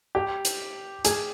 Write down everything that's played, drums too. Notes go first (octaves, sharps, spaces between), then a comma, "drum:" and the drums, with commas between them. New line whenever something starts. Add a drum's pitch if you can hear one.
G4
drum: hi-hat
G#4, drum: hi-hat